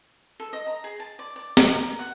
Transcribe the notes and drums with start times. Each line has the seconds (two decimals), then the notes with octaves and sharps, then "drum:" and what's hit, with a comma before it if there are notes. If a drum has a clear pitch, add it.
0.40 A4
0.53 D#5
0.67 A#5
0.84 G#4
1.00 A5
1.19 D5
1.36 D5
1.57 D#5, drum: snare
1.75 A#4
1.99 F#5